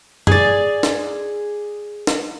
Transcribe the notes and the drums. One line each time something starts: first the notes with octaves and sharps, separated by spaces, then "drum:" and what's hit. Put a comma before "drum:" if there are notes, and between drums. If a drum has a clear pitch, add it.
G#4 D5, drum: tom F#2
drum: snare
drum: snare